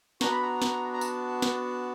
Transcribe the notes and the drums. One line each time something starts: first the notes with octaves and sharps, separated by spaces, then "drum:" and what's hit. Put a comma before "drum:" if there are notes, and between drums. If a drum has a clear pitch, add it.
B3 D4 F#4 A#5, drum: snare
B5
A#5
drum: snare
A#5
A5, drum: tambourine
drum: snare